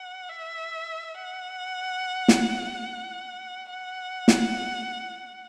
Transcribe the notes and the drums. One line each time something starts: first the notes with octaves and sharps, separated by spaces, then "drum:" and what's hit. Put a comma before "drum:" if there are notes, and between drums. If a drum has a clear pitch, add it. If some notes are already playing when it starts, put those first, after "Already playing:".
Already playing: F#5
E5
F#5
drum: snare
F#5
drum: snare